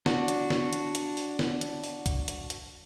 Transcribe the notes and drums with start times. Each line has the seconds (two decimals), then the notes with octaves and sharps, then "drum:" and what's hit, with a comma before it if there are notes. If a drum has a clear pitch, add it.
0.06 D4 F#4, drum: snare
0.28 drum: hi-hat
0.50 drum: snare
0.73 drum: hi-hat
0.95 drum: hi-hat
1.17 drum: open hi-hat
1.39 drum: snare
1.61 drum: hi-hat
1.84 drum: open hi-hat
2.06 drum: kick, hi-hat
2.28 drum: hi-hat
2.50 drum: hi-hat